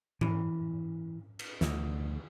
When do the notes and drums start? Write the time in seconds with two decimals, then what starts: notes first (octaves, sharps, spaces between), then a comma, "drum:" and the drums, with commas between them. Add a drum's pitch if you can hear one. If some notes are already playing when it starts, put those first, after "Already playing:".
0.21 E3, drum: tom G#2
1.39 drum: cymbal
1.61 D2, drum: snare